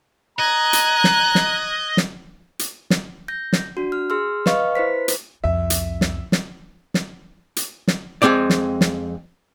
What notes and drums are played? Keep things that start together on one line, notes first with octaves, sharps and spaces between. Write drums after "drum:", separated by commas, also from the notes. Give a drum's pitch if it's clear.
D#5 A#5 F#6 G#6
drum: hi-hat
drum: snare
drum: snare
drum: snare
drum: hi-hat
drum: snare
G6 A#6
drum: snare
D4 F#4
F6
G#4 C6 E6 F6
B4 D#5 F5 C#6 F6, drum: snare
E4 B4 C5 B6
drum: hi-hat
C2 F2 E5
drum: hi-hat
drum: snare
drum: snare
drum: snare
drum: hi-hat
drum: snare
F2 D3 G#3 C4 D5
drum: snare
drum: snare